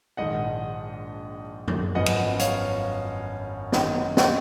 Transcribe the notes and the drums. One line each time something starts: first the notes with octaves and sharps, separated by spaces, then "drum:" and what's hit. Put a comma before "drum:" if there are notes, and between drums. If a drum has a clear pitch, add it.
A#1 G#2 D#3 D#5 F#5
drum: tom
G#1 F#2 F3 B3 D#5 F#5
drum: cymbal
C#5 F5, drum: hi-hat
F#2 D#3 A#3 D#4 D#5 F#5, drum: snare
D#5 F#5, drum: snare